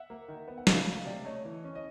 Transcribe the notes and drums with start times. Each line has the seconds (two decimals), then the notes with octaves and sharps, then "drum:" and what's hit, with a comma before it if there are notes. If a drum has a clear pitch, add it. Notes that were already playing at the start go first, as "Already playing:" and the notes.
Already playing: E5 F#5
0.10 A#3
0.28 D#3
0.48 B3
0.58 F#5
0.67 C#3 D#5 F5, drum: snare
0.87 A3
0.95 F5
1.06 C3 D5 E5
1.25 A3 C#5 D#5
1.45 E3
1.64 C#4
1.75 D#5